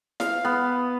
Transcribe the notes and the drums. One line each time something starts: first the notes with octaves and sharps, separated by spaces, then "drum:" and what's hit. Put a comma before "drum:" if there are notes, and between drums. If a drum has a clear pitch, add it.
F5, drum: snare E4
B3